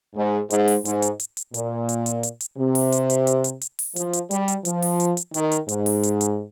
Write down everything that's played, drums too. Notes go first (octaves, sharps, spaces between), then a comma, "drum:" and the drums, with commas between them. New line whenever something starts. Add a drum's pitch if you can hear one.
G#2
G#2, drum: hi-hat
drum: open hi-hat
G#2, drum: hi-hat
drum: hi-hat
drum: hi-hat
drum: hi-hat
A#2, drum: hi-hat
drum: hi-hat
drum: hi-hat
drum: hi-hat
drum: hi-hat
C3
drum: open hi-hat
drum: hi-hat
drum: hi-hat
drum: hi-hat
drum: hi-hat
drum: hi-hat
drum: open hi-hat
F3, drum: hi-hat
drum: hi-hat
G3, drum: hi-hat
drum: hi-hat
F3, drum: hi-hat
drum: open hi-hat
drum: hi-hat
drum: hi-hat
D#3, drum: hi-hat
drum: hi-hat
G#2, drum: hi-hat
drum: open hi-hat
drum: hi-hat
drum: hi-hat